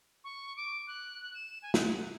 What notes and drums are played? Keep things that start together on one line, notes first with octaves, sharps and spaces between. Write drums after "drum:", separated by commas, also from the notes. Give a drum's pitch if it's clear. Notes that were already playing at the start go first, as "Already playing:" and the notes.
C#6
D6
F#6
F#6
E7
G#5
F#5, drum: snare